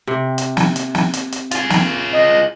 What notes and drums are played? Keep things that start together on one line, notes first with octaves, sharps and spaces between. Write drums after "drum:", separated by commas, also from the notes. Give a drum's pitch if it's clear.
C3
drum: hi-hat
drum: snare
drum: hi-hat
drum: snare
drum: hi-hat
drum: hi-hat
F4 G#4, drum: hi-hat
drum: snare
D#5